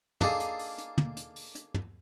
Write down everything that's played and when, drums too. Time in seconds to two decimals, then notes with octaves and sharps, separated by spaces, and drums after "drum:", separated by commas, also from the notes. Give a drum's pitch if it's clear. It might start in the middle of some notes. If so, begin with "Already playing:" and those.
0.21 A#3 D4 D#4 F4 G#4 A4, drum: tom
0.40 drum: hi-hat
0.59 drum: open hi-hat
0.78 drum: hi-hat
0.98 drum: tom
1.17 drum: hi-hat
1.36 drum: open hi-hat
1.55 drum: hi-hat
1.74 drum: tom